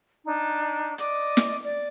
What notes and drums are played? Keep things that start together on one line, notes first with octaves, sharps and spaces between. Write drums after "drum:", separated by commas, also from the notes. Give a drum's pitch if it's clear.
D4 D#4
D5 D#5 D6, drum: hi-hat
drum: snare
D5